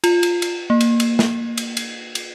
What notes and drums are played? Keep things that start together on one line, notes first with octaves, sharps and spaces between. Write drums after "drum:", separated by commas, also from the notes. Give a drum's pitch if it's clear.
F4, drum: cymbal
drum: cymbal
drum: cymbal
A#3
drum: cymbal
drum: cymbal
drum: snare
drum: cymbal
drum: cymbal
drum: cymbal